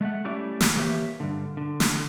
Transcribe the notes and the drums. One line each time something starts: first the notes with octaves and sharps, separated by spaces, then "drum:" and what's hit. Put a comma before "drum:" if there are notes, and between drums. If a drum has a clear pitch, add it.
G#3 A3 E5 F#5
G3 A3 C#4 E4 D5
drum: snare
E3 A#3 G4 C#5 E5
G2 D3
D3
drum: snare